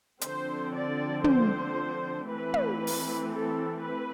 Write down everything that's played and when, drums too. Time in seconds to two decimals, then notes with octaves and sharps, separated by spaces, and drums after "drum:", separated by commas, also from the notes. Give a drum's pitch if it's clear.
0.21 D3 F3 C4 C5, drum: hi-hat
0.74 D5
1.24 C5, drum: tom
2.28 E3 A3 C4 B4
2.54 drum: tom
2.87 drum: open hi-hat
3.32 A4
3.83 B4